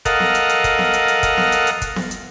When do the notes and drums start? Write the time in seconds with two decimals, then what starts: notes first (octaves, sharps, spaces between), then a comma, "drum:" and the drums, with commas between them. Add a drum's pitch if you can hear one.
0.05 A4 A#4 D#5 F5 F#5, drum: kick, hi-hat
0.20 drum: snare B3
0.35 drum: hi-hat
0.49 drum: hi-hat
0.64 drum: kick, hi-hat
0.79 drum: snare B3
0.93 drum: hi-hat
1.08 drum: hi-hat
1.23 drum: kick, hi-hat
1.38 drum: snare B3
1.52 drum: hi-hat
1.67 drum: hi-hat
1.82 drum: kick, hi-hat
1.96 drum: snare B3
2.11 drum: hi-hat